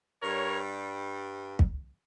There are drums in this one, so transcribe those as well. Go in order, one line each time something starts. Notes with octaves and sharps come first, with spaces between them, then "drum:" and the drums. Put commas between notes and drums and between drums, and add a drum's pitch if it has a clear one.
G2 G3 A#4 C#5
drum: kick